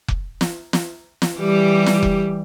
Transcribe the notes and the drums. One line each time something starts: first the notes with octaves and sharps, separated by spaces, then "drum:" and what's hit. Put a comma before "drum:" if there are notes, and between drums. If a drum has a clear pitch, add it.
drum: kick F1
drum: snare
drum: snare
drum: snare
E3 G3 G4
drum: snare
drum: kick F1